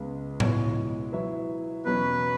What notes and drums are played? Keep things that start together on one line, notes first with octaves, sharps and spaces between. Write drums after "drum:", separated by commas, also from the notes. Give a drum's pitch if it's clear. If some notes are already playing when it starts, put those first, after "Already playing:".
Already playing: C#2 C#3 G#3 B3
C#2 B2 G#3 E4 C#5, drum: tom A2
F#3 E4 B4 E5
E2 B2 F#3 C#4 B4